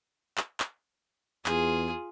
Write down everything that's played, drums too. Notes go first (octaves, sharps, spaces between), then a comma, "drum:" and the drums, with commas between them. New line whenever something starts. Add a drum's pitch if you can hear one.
drum: clap
drum: clap
E2 F4 G#4, drum: clap